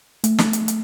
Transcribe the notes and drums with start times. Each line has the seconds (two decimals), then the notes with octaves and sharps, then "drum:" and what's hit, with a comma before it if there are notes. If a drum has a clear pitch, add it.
0.24 A3, drum: hi-hat
0.38 drum: snare
0.53 drum: hi-hat
0.68 drum: hi-hat